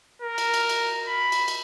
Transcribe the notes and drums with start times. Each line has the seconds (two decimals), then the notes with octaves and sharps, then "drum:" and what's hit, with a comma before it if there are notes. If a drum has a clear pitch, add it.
0.22 A#4
0.38 drum: cymbal
0.54 drum: cymbal
0.69 drum: cymbal
1.07 B5
1.32 drum: cymbal
1.48 drum: cymbal